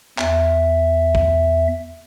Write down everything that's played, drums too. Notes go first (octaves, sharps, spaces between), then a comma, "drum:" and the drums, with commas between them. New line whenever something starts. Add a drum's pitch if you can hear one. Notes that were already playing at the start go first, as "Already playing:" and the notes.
E2 E5, drum: clap
drum: kick